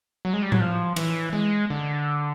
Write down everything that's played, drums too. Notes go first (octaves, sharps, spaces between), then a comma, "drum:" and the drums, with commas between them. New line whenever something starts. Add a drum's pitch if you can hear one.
F#3
G#3
G3
F#3, drum: tom A2
F3
E3, drum: cymbal
G#3
D3